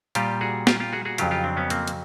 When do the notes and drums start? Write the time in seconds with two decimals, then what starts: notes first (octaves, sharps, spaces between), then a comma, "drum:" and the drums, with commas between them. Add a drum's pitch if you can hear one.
0.15 A#2 G3 F4 G4, drum: hi-hat
0.41 F#4 G#4
0.67 F4 G4, drum: snare
0.80 F4 G4
0.93 F#4 G#4
1.05 F#4 G#4
1.18 F2 C#3 F#3 F4 G4, drum: hi-hat
1.31 F4 G4
1.44 C4 D4
1.57 B3 C#4
1.70 A#3 C4, drum: hi-hat
1.87 drum: hi-hat